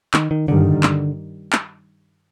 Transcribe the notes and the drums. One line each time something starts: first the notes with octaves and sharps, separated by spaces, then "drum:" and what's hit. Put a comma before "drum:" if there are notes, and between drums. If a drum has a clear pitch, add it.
D#3, drum: clap
D#3
G2 D3 D#3 G3
drum: clap
drum: clap